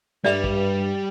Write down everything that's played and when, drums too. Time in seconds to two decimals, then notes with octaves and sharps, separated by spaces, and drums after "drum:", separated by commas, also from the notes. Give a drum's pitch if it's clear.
0.25 G2 G3 D5 E5, drum: snare
0.44 drum: kick